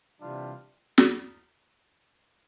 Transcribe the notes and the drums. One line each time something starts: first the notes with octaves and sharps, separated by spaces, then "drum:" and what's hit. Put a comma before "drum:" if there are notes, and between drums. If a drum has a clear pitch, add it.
C3 E3 G3 D4 F4
drum: snare